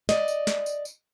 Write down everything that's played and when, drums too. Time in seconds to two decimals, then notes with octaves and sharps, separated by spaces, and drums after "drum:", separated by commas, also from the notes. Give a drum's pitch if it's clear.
0.09 D5 D#5, drum: snare
0.28 drum: tambourine
0.47 drum: snare
0.66 drum: tambourine
0.85 drum: tambourine